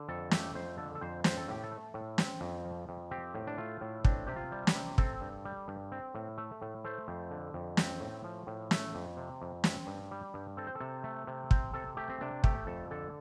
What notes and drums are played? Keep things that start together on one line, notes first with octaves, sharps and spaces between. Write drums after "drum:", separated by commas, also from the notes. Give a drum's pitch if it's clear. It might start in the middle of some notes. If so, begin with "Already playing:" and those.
Already playing: D3
F2 A4
A3 G4, drum: snare
F2 C5
D3 A4
A4
F2 C5
C4 C5, drum: snare
A4
A2 G4
A4
A3
A2
C4, drum: snare
F2
F3
F2
C4 G4
A2
D4
A3 F4
A2
C4 D4, drum: kick
C3 G4
F4
G3
G4, drum: snare
C3
C4 A4, drum: kick
G2
G3
G2
C4
A2
A3
A2
A3 C5
F2
D3
F2
C4, drum: snare
A2
F3
A2
A3, drum: snare
F2
C3
F2
C4, drum: snare
G2
G3
G2
C4 A4
C5
A4
C3
A3
C3
C4 C5, drum: kick
C3 A4
A3 G4
C4
C3 D4
A3 G4, drum: kick
F2 A4
D3 A4